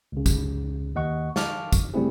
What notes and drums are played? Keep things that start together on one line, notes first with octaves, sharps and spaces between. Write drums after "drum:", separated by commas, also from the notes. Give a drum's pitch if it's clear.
C#2 C#3
drum: kick G#1, tambourine
D#2 D#5 F#5 C#6
F5 A5 C#6 D6 F6, drum: snare
drum: kick G#1, tambourine
C#3 G3 A3 C4 E4 G#4